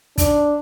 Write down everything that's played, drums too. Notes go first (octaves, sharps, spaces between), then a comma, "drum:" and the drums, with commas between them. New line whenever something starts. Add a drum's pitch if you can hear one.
D4, drum: kick, hi-hat